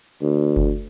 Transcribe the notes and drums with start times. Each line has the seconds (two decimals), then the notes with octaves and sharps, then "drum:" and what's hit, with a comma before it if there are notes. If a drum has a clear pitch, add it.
0.22 D2
0.56 drum: kick F#1